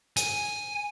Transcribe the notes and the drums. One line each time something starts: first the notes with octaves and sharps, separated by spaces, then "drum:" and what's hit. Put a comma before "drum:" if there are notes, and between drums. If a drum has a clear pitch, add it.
G#5, drum: hi-hat